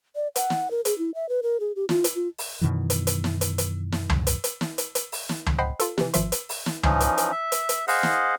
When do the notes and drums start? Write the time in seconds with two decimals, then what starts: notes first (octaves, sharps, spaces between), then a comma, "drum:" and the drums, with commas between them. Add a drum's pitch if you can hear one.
0.16 D5
0.36 F#5, drum: hi-hat
0.50 drum: snare
0.71 A#4
0.85 G#4, drum: hi-hat
0.98 E4
1.15 E5
1.29 B4
1.43 A#4
1.60 G#4
1.76 G4
1.89 F4, drum: snare
2.04 drum: hi-hat
2.15 F4
2.38 drum: open hi-hat
2.61 F#2 B2 D#3 E3
2.90 drum: hi-hat
3.07 drum: hi-hat
3.24 drum: snare
3.41 drum: hi-hat
3.58 drum: hi-hat
3.92 drum: snare
4.10 drum: tom C#2
4.27 drum: hi-hat
4.44 drum: hi-hat
4.61 drum: snare
4.78 drum: hi-hat
4.95 drum: hi-hat
5.12 drum: open hi-hat
5.29 drum: snare
5.46 drum: tom C#2
5.58 C5 D#5 F#5 G5 B5 C7
5.80 F4 A4, drum: hi-hat
5.98 C3 E3, drum: snare
6.14 G#1 F3 E5 C6, drum: hi-hat
6.32 drum: hi-hat
6.49 drum: open hi-hat
6.66 drum: snare
6.83 E3 F3 C#4 D#4, drum: tom C#2
7.00 drum: hi-hat
7.18 drum: hi-hat
7.32 E5
7.52 drum: hi-hat
7.69 drum: hi-hat
7.88 G#4 C5 D#5 F5 F#5, drum: open hi-hat
8.03 drum: snare